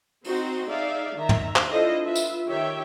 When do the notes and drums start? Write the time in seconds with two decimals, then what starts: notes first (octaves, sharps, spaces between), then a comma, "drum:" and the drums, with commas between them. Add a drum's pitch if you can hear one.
0.24 C4 D#4 F#4 C5, drum: open hi-hat
0.69 D#4 G#4 D5 E5 F5
1.16 D#3 E5 A#5
1.29 drum: tom
1.56 drum: clap
1.69 D4 E4 F4 A4 C5 D#5
2.04 F4 B4 E5
2.16 drum: tambourine
2.47 D#3 G4 C#5 E5 G5